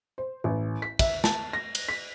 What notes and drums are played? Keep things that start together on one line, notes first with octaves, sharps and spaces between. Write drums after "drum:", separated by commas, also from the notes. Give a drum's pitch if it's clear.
C5
A1
B6
E5, drum: kick, cymbal
A5, drum: snare
A#6
drum: cymbal
B6